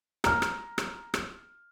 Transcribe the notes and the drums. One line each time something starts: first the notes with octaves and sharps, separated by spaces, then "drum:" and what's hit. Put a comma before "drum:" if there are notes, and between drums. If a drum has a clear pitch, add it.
A#5 F6, drum: rim click
drum: rim click
drum: rim click
drum: rim click